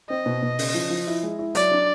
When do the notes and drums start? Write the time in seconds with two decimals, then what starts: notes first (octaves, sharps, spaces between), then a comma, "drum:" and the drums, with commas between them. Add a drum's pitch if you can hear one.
0.10 C4 D#5
0.26 B2
0.43 B2
0.59 C#3, drum: open hi-hat
0.74 F3
0.90 F3
1.07 E4
1.23 G#3
1.39 E4
1.55 F#3 D5, drum: hi-hat
1.71 D4